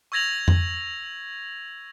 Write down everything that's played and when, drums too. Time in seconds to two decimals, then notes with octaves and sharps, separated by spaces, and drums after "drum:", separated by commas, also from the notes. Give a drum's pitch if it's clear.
0.12 C#6 E6 G#6 A#6 F7 F#7
0.48 drum: tom F2